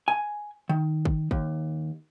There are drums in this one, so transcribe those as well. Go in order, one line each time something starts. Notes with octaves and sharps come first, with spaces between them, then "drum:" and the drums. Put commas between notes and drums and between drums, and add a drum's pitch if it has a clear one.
G#5
D#3
drum: kick
D#2, drum: kick